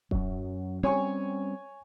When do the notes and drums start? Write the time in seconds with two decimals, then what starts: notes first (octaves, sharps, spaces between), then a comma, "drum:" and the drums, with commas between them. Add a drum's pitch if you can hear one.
0.11 F#2 F#3, drum: kick D#1
0.83 G3 C4 C#4 C#5 G#5 C#6